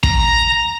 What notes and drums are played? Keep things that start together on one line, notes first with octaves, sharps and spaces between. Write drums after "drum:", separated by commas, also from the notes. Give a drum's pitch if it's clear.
A#5, drum: kick